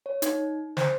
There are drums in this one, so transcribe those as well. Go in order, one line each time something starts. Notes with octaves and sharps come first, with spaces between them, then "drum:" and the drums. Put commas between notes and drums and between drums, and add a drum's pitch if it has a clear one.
C#5
D#4, drum: hi-hat
C5, drum: snare